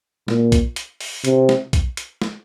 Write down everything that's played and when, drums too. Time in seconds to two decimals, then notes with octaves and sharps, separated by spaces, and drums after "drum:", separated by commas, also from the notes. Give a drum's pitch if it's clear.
0.28 A#2, drum: snare
0.52 drum: kick, hi-hat
0.76 drum: hi-hat
1.01 drum: open hi-hat
1.25 C3, drum: hi-hat
1.49 drum: snare
1.73 drum: kick, hi-hat
1.97 drum: hi-hat
2.22 drum: snare